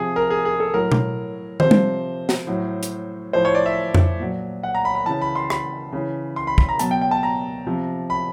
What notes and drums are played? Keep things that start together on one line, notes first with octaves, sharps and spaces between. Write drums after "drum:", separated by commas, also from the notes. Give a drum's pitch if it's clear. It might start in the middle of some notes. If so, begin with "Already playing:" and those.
Already playing: C3 F3 G#4
A#4
G#4
G#4
A4
A2 F#3 A#4
drum: tom B2
C3 F3 C5, drum: tom
drum: tom G3
drum: snare
A2 F#3
drum: hi-hat
A2 F3 C5
C#5
D5
E5
drum: tom F2
A#2 F#3
F#5
A#5
B5
B5
C#3 E3 A5
B5
C6
B5, drum: rim click
C#3 E3
C6
B5
B5, drum: kick
A#5
B2 F#3 A5, drum: hi-hat
G5
G5
A5
A#5
C3 F3
B5